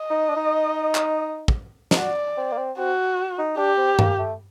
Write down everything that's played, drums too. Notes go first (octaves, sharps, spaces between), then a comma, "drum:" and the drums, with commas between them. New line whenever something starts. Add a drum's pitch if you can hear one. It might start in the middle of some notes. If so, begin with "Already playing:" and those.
Already playing: D#5
D#4
D4
D#4
drum: clap
drum: kick
D#4, drum: snare
F#4 D5
C4
A#3
C4
C4 F#4
D#4
D4 G4
C4
A#3, drum: tom G2
A3